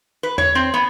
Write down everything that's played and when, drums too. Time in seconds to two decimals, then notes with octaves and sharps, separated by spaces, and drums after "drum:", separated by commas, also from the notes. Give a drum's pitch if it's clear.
0.23 B4
0.38 C#5, drum: tom E2
0.55 C4
0.74 B3